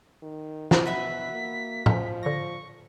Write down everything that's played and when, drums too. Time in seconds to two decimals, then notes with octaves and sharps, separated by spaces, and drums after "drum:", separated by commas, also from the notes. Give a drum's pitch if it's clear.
0.23 D#3
0.71 drum: snare
0.86 B2 F#4 B4 E5 B6
1.32 A#3
1.86 F3, drum: tom
2.23 D3 C#6 A#6